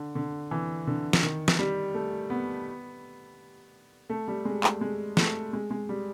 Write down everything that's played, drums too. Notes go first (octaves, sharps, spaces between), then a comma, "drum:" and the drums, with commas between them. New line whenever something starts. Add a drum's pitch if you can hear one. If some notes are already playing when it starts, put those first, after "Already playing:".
Already playing: D3
D3
E3
D3
drum: snare
D#3
drum: snare
G3
A3
B3
A3
G3
G#3
A3, drum: clap
G#3
A3, drum: snare
G#3
G#3
G3